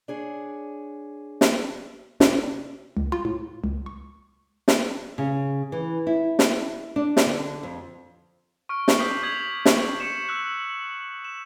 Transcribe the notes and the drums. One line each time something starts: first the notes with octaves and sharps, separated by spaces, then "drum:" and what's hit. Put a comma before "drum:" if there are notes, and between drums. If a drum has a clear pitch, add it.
D4 G#4 C#5
drum: snare
C3 G3 A#3 C#4, drum: snare
C#2
F4
A2
C#2
C#6
drum: snare
C#3
E3
E4
drum: snare
D4
drum: snare
D3
F2
C#6 F6 D7
drum: snare
D6 D#6 G6 B6 C7 F#7
C#6 D#6 G#6 B6 F7 F#7
drum: snare
C#6 C#7 E7 F#7
E6 F#6
E7